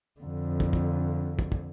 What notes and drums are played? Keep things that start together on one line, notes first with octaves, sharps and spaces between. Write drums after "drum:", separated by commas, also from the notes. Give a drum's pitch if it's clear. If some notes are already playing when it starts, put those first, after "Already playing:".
F2 D3
drum: kick
drum: kick
drum: kick
drum: kick